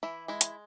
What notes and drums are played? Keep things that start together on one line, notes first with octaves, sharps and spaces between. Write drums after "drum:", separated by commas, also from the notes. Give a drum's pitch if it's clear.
E3 E4
G#3 E4
drum: hi-hat